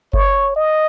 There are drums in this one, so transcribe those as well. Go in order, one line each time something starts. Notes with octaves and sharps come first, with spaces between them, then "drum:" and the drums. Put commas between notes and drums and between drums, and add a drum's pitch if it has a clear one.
C#5, drum: kick F#1
D#5